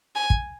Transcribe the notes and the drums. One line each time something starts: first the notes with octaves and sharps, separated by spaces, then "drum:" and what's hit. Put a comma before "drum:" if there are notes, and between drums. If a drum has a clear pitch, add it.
G#5
drum: kick